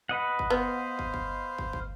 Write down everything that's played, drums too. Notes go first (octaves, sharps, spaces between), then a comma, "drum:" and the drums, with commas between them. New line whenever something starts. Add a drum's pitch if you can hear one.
B4 D#5 F#5
drum: kick
B3 C5 F5
drum: kick
drum: kick
drum: kick
drum: kick